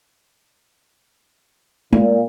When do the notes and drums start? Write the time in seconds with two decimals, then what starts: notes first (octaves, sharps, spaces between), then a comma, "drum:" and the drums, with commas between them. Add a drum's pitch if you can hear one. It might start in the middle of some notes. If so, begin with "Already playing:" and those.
1.93 A#2, drum: tom G#3